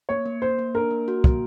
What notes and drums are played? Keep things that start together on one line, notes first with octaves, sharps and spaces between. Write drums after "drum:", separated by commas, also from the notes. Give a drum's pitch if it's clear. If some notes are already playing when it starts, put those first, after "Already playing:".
A#3 C#5
A#3
A#3 C5
A#3
D4 A#4
A#3
F#4
A#3, drum: kick